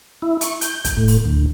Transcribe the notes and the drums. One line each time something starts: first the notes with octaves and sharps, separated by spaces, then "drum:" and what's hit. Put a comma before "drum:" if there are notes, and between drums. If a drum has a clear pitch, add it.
E4
C#6, drum: hi-hat
G6, drum: hi-hat
drum: kick, hi-hat
A2
drum: open hi-hat
D2